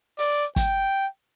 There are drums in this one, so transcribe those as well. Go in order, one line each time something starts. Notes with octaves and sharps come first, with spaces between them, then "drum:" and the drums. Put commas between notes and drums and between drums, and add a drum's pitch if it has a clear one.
D5, drum: open hi-hat
G5, drum: kick, hi-hat